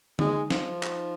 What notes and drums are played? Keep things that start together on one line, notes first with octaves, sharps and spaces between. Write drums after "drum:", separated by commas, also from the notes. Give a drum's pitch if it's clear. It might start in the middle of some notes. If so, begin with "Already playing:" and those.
G#3 D#4, drum: tom D3
F3 D#4, drum: snare
drum: clap